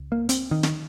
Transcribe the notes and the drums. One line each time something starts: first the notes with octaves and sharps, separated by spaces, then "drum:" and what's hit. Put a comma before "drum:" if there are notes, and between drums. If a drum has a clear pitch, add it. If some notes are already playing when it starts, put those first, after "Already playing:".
Already playing: C#2
A#3
C4, drum: hi-hat
D#3
drum: snare